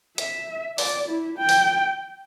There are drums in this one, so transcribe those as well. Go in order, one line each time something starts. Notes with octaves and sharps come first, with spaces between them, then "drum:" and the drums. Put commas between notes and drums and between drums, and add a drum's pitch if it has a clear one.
E5, drum: hi-hat
D5, drum: open hi-hat
E4
G5
drum: open hi-hat